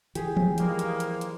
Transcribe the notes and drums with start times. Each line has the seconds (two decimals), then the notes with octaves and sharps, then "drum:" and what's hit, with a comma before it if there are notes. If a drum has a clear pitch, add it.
0.15 E3 G4 G#4, drum: hi-hat
0.37 drum: tom E3
0.58 F3 G3 G#3 A#3, drum: hi-hat
0.79 drum: hi-hat
1.00 drum: hi-hat
1.21 drum: hi-hat